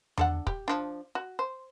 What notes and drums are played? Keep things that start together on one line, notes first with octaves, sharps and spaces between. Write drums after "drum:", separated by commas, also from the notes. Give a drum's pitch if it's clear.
D4 A4 F#5, drum: tom E2
G4, drum: kick
F3 D4
F#4
C5